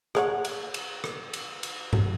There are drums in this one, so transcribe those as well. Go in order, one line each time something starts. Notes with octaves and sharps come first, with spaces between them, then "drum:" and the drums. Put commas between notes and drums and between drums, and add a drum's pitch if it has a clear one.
G#4 C#5 F#5, drum: rim click
drum: cymbal
drum: cymbal
drum: rim click
drum: cymbal
drum: cymbal
drum: tom G2